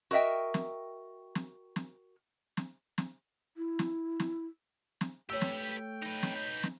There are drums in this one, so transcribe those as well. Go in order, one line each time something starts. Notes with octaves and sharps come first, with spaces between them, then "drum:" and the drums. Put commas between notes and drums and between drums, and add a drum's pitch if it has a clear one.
F#4 A#4 D#5 E5 G5
drum: snare
drum: snare
drum: snare
drum: snare
drum: snare
E4
drum: snare
drum: snare
drum: snare
A3 G4 B4 C#5 G5 E6
drum: snare
D#4 B4
drum: snare
G6
drum: snare